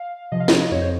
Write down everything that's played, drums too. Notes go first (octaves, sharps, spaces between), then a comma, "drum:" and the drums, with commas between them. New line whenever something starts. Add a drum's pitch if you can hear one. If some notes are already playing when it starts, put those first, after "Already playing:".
Already playing: F5
C3 F3 D#5
F5
D#5, drum: snare
D#5
F2 C#5
C5